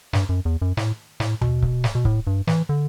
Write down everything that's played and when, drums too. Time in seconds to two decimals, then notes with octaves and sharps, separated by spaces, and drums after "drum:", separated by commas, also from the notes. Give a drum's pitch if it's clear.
0.13 G2, drum: snare
0.29 F#2
0.45 E2
0.62 F#2
0.77 A2, drum: snare
1.20 A2, drum: snare
1.41 B2, drum: tom D#2
1.62 drum: kick C#1
1.84 drum: snare
1.95 B2
2.05 A2, drum: kick C#1
2.27 G2
2.47 E3, drum: snare
2.69 D3